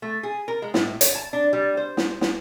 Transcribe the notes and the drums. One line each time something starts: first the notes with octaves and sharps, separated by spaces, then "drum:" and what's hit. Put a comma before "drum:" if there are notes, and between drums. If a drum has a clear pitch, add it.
A3
G#4
A#4
G#3
A2, drum: snare
C#5, drum: hi-hat
A5
D4
G3
C5
drum: snare
drum: snare